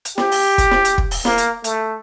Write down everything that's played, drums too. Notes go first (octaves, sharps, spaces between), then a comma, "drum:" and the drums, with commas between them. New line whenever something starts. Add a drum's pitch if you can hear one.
drum: hi-hat
G4, drum: snare
drum: open hi-hat
drum: kick, hi-hat
drum: snare
drum: hi-hat
drum: kick
drum: open hi-hat
A#3, drum: snare
drum: hi-hat
A3, drum: hi-hat